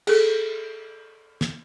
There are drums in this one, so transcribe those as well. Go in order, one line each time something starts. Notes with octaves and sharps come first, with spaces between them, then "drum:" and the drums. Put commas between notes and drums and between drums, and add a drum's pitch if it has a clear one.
G#4 A4, drum: cymbal
drum: snare